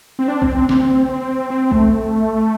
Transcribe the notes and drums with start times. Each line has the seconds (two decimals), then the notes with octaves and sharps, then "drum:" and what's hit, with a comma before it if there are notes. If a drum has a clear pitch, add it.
0.19 C4
0.28 D4
0.42 C4, drum: kick
0.55 C4
0.69 C4, drum: snare
1.09 C4
1.50 C4
1.71 A3, drum: kick